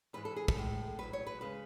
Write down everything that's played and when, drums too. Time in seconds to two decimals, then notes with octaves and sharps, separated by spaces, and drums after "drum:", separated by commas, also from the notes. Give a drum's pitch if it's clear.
0.13 G#2 E3 G#3 B4
0.25 A4
0.36 G#4
0.48 A4, drum: kick
0.56 A2 G#3
0.99 G#2 F#3 B4
1.13 C#5
1.27 B4
1.41 C#3 G#3 B4